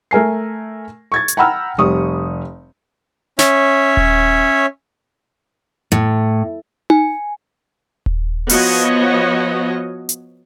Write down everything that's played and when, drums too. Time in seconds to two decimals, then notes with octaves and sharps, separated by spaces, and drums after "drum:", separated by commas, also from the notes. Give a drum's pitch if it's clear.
0.11 A3 A#4 G#5 C7
1.12 C#6 G#6 A6
1.28 drum: hi-hat
1.37 F#5 G5 A#5 B5 E6 F6
1.78 F1 G3 C#6 D#6
3.39 C#4 C#5 E5, drum: snare
3.97 drum: kick D#1
5.92 A2
6.90 G#5, drum: tom D#4
8.06 drum: kick D#1
8.49 F3 B3 F#4 C#5 D#5, drum: open hi-hat
10.09 drum: hi-hat